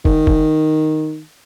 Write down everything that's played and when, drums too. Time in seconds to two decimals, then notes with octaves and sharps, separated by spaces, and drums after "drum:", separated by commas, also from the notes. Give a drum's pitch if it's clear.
0.05 D#3, drum: kick
0.27 drum: kick